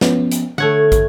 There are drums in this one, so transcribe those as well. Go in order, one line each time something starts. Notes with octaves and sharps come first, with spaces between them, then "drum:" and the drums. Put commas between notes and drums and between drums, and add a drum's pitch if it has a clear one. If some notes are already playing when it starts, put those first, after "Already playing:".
F3 B3 C#4, drum: snare
drum: hi-hat
D3 A3 C#5 F#5 G#6
drum: kick, hi-hat